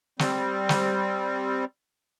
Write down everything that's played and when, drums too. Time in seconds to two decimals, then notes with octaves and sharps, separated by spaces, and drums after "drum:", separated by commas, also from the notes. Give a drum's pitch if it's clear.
0.19 G3 C4, drum: snare
0.69 drum: snare